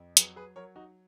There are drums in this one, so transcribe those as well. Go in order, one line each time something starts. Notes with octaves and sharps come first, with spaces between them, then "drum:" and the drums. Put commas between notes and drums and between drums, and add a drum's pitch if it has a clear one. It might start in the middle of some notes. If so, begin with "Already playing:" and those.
Already playing: F2
F#3 G#4 B4, drum: hi-hat
G#4 B4
F#3 A#4 C#5
D#4 F#4